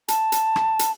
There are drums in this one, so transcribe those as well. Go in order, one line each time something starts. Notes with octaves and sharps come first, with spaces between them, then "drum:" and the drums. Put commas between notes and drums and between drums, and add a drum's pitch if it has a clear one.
A5, drum: hi-hat
drum: hi-hat
drum: rim click
drum: hi-hat